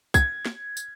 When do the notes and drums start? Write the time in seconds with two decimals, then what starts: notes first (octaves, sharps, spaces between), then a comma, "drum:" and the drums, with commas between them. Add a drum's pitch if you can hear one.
0.14 G#6, drum: kick, tambourine
0.46 drum: snare
0.77 drum: tambourine